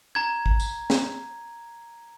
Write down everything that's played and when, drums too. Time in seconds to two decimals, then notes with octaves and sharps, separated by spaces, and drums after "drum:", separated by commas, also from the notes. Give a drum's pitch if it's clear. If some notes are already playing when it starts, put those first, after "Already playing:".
0.15 A#5 G#6
0.46 drum: kick
0.60 drum: tambourine
0.90 drum: snare